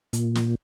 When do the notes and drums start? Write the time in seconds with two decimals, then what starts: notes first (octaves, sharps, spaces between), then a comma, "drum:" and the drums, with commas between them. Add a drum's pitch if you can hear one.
0.13 A#2, drum: hi-hat
0.35 drum: snare